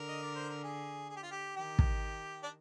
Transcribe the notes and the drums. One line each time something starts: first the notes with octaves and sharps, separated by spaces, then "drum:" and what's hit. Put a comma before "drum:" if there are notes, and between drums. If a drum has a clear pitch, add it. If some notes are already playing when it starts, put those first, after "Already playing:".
Already playing: D3 A#4
D#5
D5
C5
A#4
G#4
G#4
G4
F4
G4
D#3 G4
drum: kick
D4